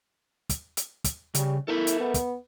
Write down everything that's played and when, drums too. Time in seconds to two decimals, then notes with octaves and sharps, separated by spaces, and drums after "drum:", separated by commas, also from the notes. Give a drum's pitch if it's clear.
0.49 drum: kick, hi-hat
0.77 drum: hi-hat
1.04 drum: kick, hi-hat
1.35 C#3 G3, drum: hi-hat
1.68 E4 A4 A#4 E5
1.87 drum: hi-hat
2.01 B3
2.14 drum: kick, hi-hat